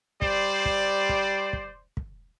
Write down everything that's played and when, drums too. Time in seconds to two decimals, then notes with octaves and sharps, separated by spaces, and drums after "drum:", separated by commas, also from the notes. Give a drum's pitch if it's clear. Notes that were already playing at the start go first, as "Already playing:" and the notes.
0.22 G3 C5 D5, drum: kick
0.66 drum: kick
1.09 drum: kick
1.53 drum: kick
1.97 drum: kick